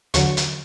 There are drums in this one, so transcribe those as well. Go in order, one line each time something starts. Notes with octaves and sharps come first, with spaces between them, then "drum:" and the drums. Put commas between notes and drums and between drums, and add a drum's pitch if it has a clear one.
E2 D3 F#3 C#6, drum: hi-hat
drum: hi-hat